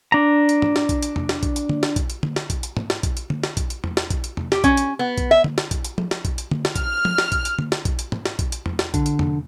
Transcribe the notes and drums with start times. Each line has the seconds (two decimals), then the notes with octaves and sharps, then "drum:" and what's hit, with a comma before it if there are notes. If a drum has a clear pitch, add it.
0.12 D4 A#5
0.49 drum: hi-hat
0.62 drum: tom G#2
0.76 drum: snare
0.89 drum: kick, hi-hat
1.02 drum: hi-hat
1.16 drum: tom E2
1.29 drum: snare
1.43 drum: kick, hi-hat
1.56 drum: hi-hat
1.69 drum: tom D3
1.83 drum: snare
1.96 drum: kick, hi-hat
2.10 drum: hi-hat
2.23 drum: tom D3
2.36 drum: snare
2.50 drum: kick, hi-hat
2.63 drum: hi-hat
2.77 drum: tom G#2
2.90 drum: snare
3.03 drum: kick, hi-hat
3.17 drum: hi-hat
3.30 drum: tom D3
3.44 drum: snare
3.57 drum: kick, hi-hat
3.70 drum: hi-hat
3.84 drum: tom E2
3.97 drum: snare
4.10 drum: kick, hi-hat
4.24 drum: hi-hat
4.37 drum: tom E2
4.52 G4, drum: snare
4.64 C#4, drum: kick, hi-hat
4.77 drum: hi-hat
4.99 B3
5.18 drum: kick, hi-hat
5.31 E5
5.44 drum: tom D3
5.58 drum: snare
5.71 drum: kick, hi-hat
5.85 drum: hi-hat
5.98 drum: tom
6.11 drum: snare
6.25 drum: kick, hi-hat
6.38 drum: hi-hat
6.51 drum: tom D3
6.65 drum: snare
6.76 F6, drum: kick, hi-hat
7.05 drum: tom
7.18 drum: snare
7.32 drum: kick, hi-hat
7.45 drum: hi-hat
7.59 drum: tom D3
7.72 drum: snare
7.85 drum: kick, hi-hat
7.99 drum: hi-hat
8.12 drum: tom G#2
8.26 drum: snare
8.39 drum: kick, hi-hat
8.52 drum: hi-hat
8.66 drum: tom E2
8.79 drum: snare
8.94 D3, drum: kick, hi-hat
9.06 drum: hi-hat
9.19 drum: tom E2